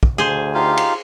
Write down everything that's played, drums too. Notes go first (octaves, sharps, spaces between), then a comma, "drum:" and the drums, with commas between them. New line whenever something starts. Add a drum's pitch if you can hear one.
drum: kick
D2 G#4 C5
D#4 F4 G4 F5
drum: cymbal